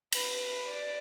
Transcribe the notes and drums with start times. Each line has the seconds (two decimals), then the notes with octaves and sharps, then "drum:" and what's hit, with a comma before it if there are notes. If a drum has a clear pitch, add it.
0.12 B4, drum: cymbal
0.67 D5